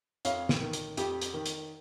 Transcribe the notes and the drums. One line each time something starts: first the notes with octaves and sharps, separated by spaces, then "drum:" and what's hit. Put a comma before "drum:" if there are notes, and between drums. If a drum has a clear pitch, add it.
F2 C#5 F5, drum: hi-hat
drum: snare
D#3
drum: hi-hat
F2 G4, drum: hi-hat
drum: hi-hat
D#3
drum: hi-hat